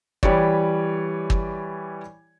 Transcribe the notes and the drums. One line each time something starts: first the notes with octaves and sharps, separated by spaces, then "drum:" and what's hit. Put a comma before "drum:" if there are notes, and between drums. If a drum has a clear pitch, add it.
E3 G3 G4 C#5 D5, drum: kick
drum: kick